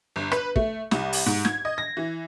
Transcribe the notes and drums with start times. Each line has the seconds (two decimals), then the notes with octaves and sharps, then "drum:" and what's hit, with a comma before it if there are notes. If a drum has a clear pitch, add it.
0.16 G1
0.32 B4, drum: rim click
0.56 A3, drum: kick
0.91 C2, drum: snare
1.13 drum: open hi-hat
1.26 G#2
1.45 G#6, drum: snare
1.65 D#5
1.78 A#6
1.97 E3